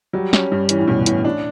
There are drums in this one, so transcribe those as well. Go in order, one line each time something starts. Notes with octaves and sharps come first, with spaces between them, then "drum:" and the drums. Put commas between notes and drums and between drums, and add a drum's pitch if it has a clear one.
F#3 G3
C#4, drum: snare
G2
E3 C#4, drum: hi-hat
A2
G2 B2
B2
A2 C#4, drum: hi-hat
A2 D4